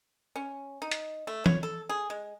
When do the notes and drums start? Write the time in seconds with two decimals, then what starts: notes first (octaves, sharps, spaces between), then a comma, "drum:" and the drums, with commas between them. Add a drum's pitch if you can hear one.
0.36 C#4
0.82 D#4
0.91 drum: hi-hat
1.27 A3
1.46 C#5, drum: tom E3
1.63 A4
1.89 G#4
2.10 G#3